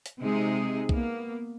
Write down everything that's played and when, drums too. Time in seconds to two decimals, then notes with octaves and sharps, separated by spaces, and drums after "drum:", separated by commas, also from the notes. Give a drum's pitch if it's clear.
0.06 drum: hi-hat
0.20 C3 G#3 C4 D#4 G#4
0.89 A#3 B3, drum: kick B1